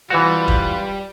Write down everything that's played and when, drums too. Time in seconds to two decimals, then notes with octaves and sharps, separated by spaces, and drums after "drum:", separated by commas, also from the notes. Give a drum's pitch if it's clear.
0.10 C2 E3 G3 F4 F#4 B4
0.48 drum: kick